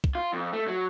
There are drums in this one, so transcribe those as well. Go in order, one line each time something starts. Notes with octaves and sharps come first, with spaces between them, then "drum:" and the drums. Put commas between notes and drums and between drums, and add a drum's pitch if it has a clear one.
drum: kick
F4
F2
A3
F#3